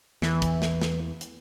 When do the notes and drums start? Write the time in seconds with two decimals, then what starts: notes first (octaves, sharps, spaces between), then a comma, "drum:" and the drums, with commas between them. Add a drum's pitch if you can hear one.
0.22 E2 E3, drum: snare
0.42 drum: kick, hi-hat
0.62 drum: snare
0.81 drum: snare
1.21 drum: hi-hat